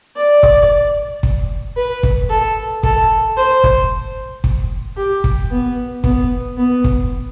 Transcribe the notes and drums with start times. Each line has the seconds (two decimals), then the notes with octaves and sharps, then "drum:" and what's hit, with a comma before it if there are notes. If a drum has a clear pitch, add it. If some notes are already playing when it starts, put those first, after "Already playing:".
0.16 D5
0.43 drum: kick
1.23 drum: kick
1.77 B4
2.03 drum: kick
2.29 A4
2.83 A4, drum: kick
3.37 C5
3.64 drum: kick
4.44 drum: kick
4.97 G4
5.24 drum: kick
5.51 B3
6.04 B3, drum: kick
6.57 B3
6.84 drum: kick